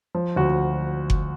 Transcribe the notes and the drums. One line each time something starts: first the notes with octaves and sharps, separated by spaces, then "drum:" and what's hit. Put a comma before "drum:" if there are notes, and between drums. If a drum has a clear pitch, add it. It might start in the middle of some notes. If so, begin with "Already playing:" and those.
F3
D2 F#4
drum: kick F#1